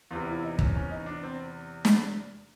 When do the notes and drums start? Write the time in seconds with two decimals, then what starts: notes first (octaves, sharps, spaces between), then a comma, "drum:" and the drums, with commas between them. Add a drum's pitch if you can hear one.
0.11 E2 C3 E3 F4
0.27 E4
0.43 D#4
0.59 C#4, drum: kick
0.75 C#4
0.90 D#4
1.06 D4
1.23 C4
1.85 drum: snare